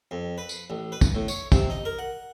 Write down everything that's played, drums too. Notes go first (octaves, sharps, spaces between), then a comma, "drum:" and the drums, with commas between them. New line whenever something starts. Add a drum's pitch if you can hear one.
F2
B4
drum: tambourine
A1
B4
drum: kick, tambourine
A2
C#5, drum: tambourine
C3, drum: kick, tambourine
D#4
A#4
F#5